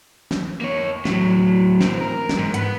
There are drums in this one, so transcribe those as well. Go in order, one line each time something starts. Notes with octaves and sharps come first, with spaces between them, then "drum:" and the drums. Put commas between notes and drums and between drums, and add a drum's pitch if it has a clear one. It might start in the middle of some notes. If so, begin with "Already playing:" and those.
drum: snare
A#3 C#5
A2 F#3, drum: snare
A#3 C4, drum: snare
A#4
drum: snare
G#2
B4 F#5, drum: hi-hat